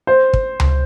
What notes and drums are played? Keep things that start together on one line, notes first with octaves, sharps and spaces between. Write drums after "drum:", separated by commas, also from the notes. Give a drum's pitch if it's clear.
C5
drum: kick
drum: tom C#2